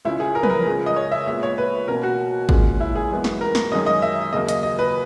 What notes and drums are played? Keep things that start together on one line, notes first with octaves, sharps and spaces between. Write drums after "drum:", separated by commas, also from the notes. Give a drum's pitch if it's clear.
C#2 C#3 G#3 C#4 E4
G#4
A#4
B4, drum: tom
A#4
C#2 C#3 G#3 C#4
D#5
C#5
E5
A#2 G#3 B3 E5
C#5
B4
B2 A#3 C#4 A#4
F#4
A#2 G#3 C#4, drum: kick
E4
G#4
F#2 E3 G#3 B3
drum: snare
A#4
drum: snare
F#2 D#3 G#3 C#4 D#5
D#5
E5
D#2 C#3 F#3 A#3 D#5
D#5, drum: hi-hat
D#5
B4